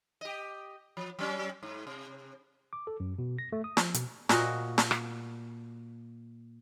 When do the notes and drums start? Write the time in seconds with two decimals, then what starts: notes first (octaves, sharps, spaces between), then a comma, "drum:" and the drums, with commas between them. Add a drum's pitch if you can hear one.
0.21 G4 D#5
0.97 F3
1.19 F#3 C#4
1.63 G#2
1.87 C3
2.73 D6
2.87 A4
3.00 F#2
3.19 B2
3.38 A#6
3.52 A3
3.64 D#6
3.77 F3, drum: snare
3.94 B2, drum: hi-hat
4.29 A#2 F#4 A#4 D#5, drum: snare
4.78 drum: snare
4.91 drum: rim click